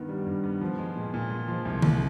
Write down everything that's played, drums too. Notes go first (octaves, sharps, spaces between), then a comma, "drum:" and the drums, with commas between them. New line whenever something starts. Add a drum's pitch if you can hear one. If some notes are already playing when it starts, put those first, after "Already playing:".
Already playing: G2 D#3 B3
G3
G2
B3
F3
G#3
A#2
A#2
G#3
F3
C2
C2, drum: tom D3